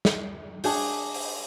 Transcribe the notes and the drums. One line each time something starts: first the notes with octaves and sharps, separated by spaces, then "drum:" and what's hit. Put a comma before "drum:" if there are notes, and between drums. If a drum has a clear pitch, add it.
drum: snare
D4 G#4 C#5 G5, drum: open hi-hat
drum: open hi-hat